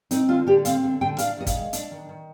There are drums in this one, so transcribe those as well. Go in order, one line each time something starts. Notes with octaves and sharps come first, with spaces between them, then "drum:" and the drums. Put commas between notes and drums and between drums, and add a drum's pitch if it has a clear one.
C4 D#4, drum: hi-hat
D3 F4
D3 G4
C4 F5, drum: hi-hat
D3
D3 G5
D4 F5, drum: hi-hat
D#3 D#5
F5, drum: kick, hi-hat
G#3
D4, drum: hi-hat
D#3
D#3